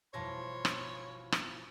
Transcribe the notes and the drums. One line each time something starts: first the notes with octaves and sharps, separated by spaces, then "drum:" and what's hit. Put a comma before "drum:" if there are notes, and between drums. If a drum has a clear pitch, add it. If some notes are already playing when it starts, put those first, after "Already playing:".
G1 B2 E3 F3 C#5 A5 C6 A#6
drum: rim click
drum: rim click